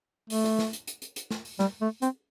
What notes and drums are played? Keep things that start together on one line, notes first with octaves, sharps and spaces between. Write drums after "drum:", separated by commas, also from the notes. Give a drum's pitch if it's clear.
A3, drum: open hi-hat
drum: snare
drum: snare
drum: hi-hat
drum: hi-hat
drum: hi-hat
drum: hi-hat
drum: snare
drum: open hi-hat
G3, drum: snare
A3
C4, drum: hi-hat